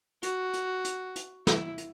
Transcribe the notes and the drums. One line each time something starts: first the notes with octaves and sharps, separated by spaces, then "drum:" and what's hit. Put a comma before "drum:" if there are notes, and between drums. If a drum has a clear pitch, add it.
F#4, drum: hi-hat
drum: hi-hat
drum: hi-hat
drum: hi-hat
E4, drum: snare
drum: hi-hat